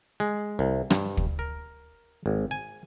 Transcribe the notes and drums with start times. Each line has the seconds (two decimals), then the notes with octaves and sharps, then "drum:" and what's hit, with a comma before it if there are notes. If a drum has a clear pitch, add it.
0.20 G#3
0.59 C2
0.90 G2, drum: rim click
1.17 drum: kick
1.39 A#4
2.26 G#1
2.51 G#5